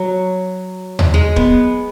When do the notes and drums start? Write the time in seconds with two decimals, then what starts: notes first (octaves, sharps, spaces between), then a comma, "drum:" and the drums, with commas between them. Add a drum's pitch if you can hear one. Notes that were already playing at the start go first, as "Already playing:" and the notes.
Already playing: F#3
0.99 drum: tom D#2
1.14 G#3
1.36 B3, drum: kick